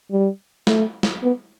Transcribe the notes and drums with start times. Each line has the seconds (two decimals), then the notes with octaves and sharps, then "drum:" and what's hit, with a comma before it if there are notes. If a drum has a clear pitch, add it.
0.11 G3
0.67 A3, drum: snare
1.03 drum: snare
1.23 B3